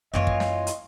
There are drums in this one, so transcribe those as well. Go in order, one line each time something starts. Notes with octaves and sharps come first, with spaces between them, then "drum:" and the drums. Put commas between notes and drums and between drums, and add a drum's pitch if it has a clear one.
F#2 E3 A#3 F4 C#5 D#5
drum: kick
drum: snare
drum: hi-hat